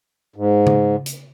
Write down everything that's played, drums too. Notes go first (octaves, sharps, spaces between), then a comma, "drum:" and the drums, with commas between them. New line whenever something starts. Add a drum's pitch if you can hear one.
G#2
drum: tom C#3
drum: hi-hat